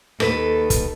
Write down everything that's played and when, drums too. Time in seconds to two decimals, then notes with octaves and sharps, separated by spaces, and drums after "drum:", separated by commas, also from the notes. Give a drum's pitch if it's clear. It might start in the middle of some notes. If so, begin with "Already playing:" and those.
0.20 D#2 A4 B4, drum: rim click
0.70 drum: kick, hi-hat